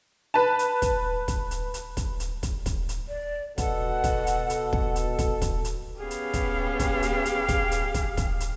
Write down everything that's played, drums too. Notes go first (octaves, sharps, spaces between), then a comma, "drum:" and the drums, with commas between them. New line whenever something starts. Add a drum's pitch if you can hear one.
B4 A5
drum: hi-hat
drum: kick, hi-hat
drum: kick, hi-hat
drum: hi-hat
drum: hi-hat
drum: kick, hi-hat
drum: hi-hat
drum: kick, hi-hat
drum: kick, hi-hat
drum: hi-hat
D5
B2 A4 F#5, drum: kick, hi-hat
drum: kick, hi-hat
drum: hi-hat
drum: hi-hat
drum: kick
drum: hi-hat
drum: kick, hi-hat
drum: kick, hi-hat
drum: hi-hat
B3 C#4 G4 G#4 F5
drum: hi-hat
drum: kick, hi-hat
drum: kick, hi-hat
drum: hi-hat
drum: hi-hat
drum: kick, hi-hat
drum: hi-hat
drum: kick, hi-hat
drum: kick, hi-hat
drum: hi-hat